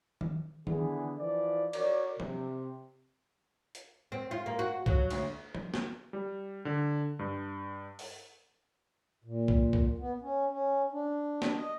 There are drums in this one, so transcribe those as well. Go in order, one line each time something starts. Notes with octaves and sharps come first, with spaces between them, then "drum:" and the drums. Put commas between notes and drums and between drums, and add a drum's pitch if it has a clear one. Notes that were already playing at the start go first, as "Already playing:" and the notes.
drum: tom D#3
D3 E3 B3 G#4, drum: tom D#3
E3 F3 D5
F#4 A#4 C#5 D5, drum: cymbal
C3, drum: tom
drum: hi-hat
C4
F4
A#3
F#4
F#3, drum: kick C2
D2, drum: cymbal
drum: tom
drum: snare
G3
D3
G2
drum: open hi-hat
A#2
drum: kick C2
drum: kick C2
B3
C#4
C#4
D4
drum: snare
D#5